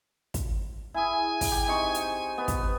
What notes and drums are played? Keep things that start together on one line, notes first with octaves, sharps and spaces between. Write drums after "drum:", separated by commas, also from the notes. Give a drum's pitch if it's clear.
drum: kick, hi-hat
E4 G#4 G#5
drum: kick, open hi-hat
G4
C3 D#4 C#6
drum: hi-hat
B3
drum: kick, hi-hat